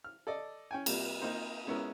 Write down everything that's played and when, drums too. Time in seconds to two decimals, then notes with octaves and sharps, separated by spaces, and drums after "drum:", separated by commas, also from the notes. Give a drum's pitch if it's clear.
0.04 F6
0.27 A4 D5 D#5
0.71 C#4 G5 G#5
0.86 C3 G3 A#3, drum: cymbal
1.22 A#3 C4 D#4 C5
1.67 G#3 B3 C#4 E4 A#4